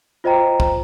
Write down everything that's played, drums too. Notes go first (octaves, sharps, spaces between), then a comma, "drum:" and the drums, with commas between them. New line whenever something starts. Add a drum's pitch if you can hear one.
F4 C5 D#5 G5 A#5
drum: kick